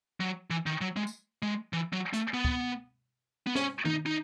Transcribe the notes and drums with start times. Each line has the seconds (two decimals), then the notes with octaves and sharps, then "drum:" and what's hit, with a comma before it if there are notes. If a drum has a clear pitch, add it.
0.20 F#3
0.50 E3
0.66 D#3
0.81 F#3
0.97 G#3
1.07 drum: tambourine
1.42 G#3
1.73 E3
1.93 F#3
2.13 A3, drum: hi-hat
2.34 B3
2.45 drum: kick
3.47 B3
3.55 C#4, drum: snare
3.85 D#4, drum: tom D#3
4.06 D#4